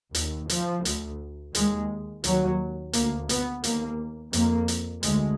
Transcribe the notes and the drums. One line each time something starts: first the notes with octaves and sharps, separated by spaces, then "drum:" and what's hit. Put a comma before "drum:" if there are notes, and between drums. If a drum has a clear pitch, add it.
D#2, drum: hi-hat
F3, drum: hi-hat
D2, drum: hi-hat
D#2 G#3, drum: hi-hat
D#2 F#3, drum: hi-hat
D2 A#3, drum: hi-hat
B3, drum: hi-hat
D#2 A#3, drum: hi-hat
F2 A#3, drum: hi-hat
drum: hi-hat
D2 G#3, drum: hi-hat